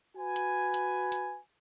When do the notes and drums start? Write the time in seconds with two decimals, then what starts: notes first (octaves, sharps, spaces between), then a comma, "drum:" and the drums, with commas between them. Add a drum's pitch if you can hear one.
0.17 F#4 B4 G#5
0.36 drum: hi-hat
0.74 drum: hi-hat
1.12 drum: hi-hat